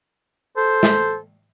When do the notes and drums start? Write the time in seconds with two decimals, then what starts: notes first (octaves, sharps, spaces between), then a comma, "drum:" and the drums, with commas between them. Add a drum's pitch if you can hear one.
0.57 A4 C5
0.83 drum: snare